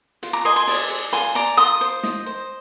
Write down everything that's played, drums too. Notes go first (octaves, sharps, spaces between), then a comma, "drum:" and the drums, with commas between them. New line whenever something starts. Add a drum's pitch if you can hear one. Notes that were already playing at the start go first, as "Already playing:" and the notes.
F4, drum: hi-hat
A#5 D6
D#5 G#5 C6
G#5 C6
D5, drum: open hi-hat
G#4
F4 G#5 C6, drum: hi-hat
D5 A#5 D6
F4 C6 D#6, drum: hi-hat
C5
D#5, drum: snare
C5